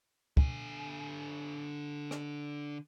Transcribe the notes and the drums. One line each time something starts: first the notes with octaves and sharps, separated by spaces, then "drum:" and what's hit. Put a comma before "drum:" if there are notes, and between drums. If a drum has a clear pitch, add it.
D3 G#5, drum: kick
drum: rim click